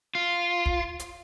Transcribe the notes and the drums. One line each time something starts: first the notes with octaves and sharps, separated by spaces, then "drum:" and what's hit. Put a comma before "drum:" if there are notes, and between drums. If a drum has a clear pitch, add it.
F4
drum: kick
drum: hi-hat